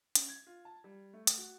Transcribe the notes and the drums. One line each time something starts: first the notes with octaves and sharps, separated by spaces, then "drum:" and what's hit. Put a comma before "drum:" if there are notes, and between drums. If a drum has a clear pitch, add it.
C#4, drum: hi-hat
G#6
F4
A5
G3
A3
drum: hi-hat
F#4